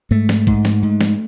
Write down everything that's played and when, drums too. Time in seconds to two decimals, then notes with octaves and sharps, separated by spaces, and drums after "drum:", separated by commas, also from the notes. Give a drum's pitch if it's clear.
0.11 G#2 A3
0.29 drum: snare
0.47 G#2, drum: kick
0.65 drum: snare
0.83 G#2
1.01 drum: snare